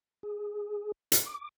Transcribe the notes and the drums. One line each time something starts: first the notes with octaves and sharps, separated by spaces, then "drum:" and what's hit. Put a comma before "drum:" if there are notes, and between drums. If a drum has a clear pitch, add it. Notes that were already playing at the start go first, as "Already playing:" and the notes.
G#4
drum: hi-hat
D6